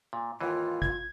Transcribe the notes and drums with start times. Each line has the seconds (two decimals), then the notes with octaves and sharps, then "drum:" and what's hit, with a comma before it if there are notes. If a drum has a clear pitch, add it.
0.13 A#2
0.41 D#2 G#2 E3 F4
0.82 G#6, drum: kick G#1